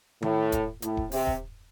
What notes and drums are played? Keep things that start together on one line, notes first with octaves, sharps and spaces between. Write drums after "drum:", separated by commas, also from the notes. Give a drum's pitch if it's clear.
A2, drum: tom D#3
drum: kick D#1, hi-hat
A2, drum: hi-hat
drum: kick D#1
C3, drum: open hi-hat
drum: kick D#1